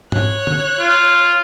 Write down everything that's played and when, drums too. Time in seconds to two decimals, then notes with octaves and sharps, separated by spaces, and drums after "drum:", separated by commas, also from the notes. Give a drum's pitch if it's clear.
0.12 C#5 F#6, drum: tom
0.47 drum: tom
0.80 F4